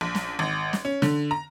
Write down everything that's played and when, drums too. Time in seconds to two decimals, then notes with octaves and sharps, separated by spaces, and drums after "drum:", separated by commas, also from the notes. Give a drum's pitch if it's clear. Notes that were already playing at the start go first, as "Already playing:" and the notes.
0.01 A#1
0.15 drum: snare
0.39 G#1
0.73 drum: snare
0.85 C#4
1.02 D3, drum: snare
1.31 A#5